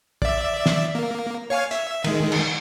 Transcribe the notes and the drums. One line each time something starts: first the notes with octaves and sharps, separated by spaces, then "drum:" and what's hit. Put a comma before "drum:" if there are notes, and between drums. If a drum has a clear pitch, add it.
D5 E5, drum: kick
drum: snare
A#3
C#5 F5 G#5
E5, drum: hi-hat
D#3 G#3, drum: cymbal
drum: cymbal